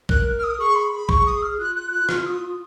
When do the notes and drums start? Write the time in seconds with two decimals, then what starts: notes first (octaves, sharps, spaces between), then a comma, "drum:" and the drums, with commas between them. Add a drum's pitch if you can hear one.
0.09 A#4 F#6, drum: kick
0.39 F6
0.43 D#6
0.59 G#4 C#6
0.76 B5
0.93 B5
1.09 G#4 C#6, drum: kick
1.26 D#6
1.42 F6
1.59 F4 F#6
1.75 F#6
1.92 F#6
2.09 F6, drum: rim click
2.26 D#6